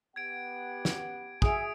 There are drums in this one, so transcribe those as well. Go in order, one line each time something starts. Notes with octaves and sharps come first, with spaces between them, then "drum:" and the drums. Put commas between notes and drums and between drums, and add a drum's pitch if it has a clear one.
B3 G4 F#5 G#6 D7
drum: snare
F#4 G#4 E5 G#5 D#6 D7, drum: kick